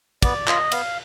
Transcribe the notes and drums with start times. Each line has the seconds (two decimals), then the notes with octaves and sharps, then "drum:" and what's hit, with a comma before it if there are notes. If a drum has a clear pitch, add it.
0.22 B3 D5, drum: kick, cymbal
0.48 F4 D#5, drum: clap
0.72 B3 F5, drum: cymbal